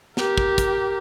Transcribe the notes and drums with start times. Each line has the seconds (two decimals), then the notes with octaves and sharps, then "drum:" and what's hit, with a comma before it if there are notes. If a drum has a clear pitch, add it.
0.17 G4 A#4, drum: snare
0.38 drum: kick
0.58 drum: kick, hi-hat